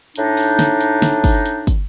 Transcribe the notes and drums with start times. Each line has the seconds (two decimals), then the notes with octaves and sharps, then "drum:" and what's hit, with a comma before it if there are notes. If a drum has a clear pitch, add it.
0.16 A2 D4 D#4, drum: hi-hat
0.37 drum: open hi-hat
0.59 drum: snare
0.81 drum: hi-hat
1.02 drum: snare
1.24 drum: kick, open hi-hat
1.46 drum: hi-hat
1.67 drum: kick, hi-hat